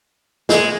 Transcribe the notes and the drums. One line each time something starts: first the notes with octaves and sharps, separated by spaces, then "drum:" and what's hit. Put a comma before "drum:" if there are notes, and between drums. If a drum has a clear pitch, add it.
G#3, drum: snare